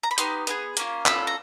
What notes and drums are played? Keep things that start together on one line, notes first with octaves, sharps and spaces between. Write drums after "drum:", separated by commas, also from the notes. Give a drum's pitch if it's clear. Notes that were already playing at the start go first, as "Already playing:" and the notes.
A#5
B5
B3 D#4 G4 C6, drum: hi-hat
B3 D#4 G#4, drum: hi-hat
A#3 C#4 F4, drum: hi-hat
C#4 F4 A4 B5, drum: clap
A#5